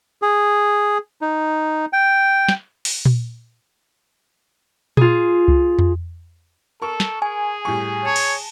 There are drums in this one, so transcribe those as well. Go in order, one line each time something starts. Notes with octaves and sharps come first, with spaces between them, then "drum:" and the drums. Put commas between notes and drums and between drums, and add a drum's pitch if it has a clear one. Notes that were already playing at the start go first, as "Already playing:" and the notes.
G#4
D#4
G5
drum: snare
drum: open hi-hat
drum: tom A#2
F4 G#4, drum: tom A#2
drum: kick C2
drum: tom F2
A4 A#4 C#6
drum: snare
G#4 G#5
A2 G3 C#6
C#5 A5
drum: cymbal